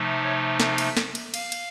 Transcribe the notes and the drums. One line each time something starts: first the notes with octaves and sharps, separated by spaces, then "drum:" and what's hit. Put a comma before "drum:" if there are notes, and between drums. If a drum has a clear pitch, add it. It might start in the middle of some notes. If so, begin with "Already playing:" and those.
Already playing: C3 F3 A3 D#4
C#5
F5, drum: snare
drum: cymbal
drum: snare
drum: cymbal
F5, drum: cymbal
drum: cymbal